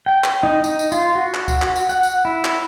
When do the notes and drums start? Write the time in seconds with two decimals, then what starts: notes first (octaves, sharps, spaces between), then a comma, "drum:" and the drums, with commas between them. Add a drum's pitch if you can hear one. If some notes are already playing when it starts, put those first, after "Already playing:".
0.06 G5
0.24 drum: clap
0.43 D#4
0.64 D#4, drum: tambourine
0.79 drum: tambourine
0.92 F4, drum: tambourine
1.15 F#4
1.34 drum: clap
1.48 drum: kick D2, tambourine
1.62 drum: clap
1.76 drum: tambourine
1.89 F#5, drum: tambourine
2.03 drum: tambourine
2.25 E4
2.44 drum: clap